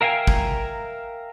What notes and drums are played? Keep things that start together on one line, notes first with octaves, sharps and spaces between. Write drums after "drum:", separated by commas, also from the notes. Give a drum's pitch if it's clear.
A#4 E5 F5 G5 G#5
drum: kick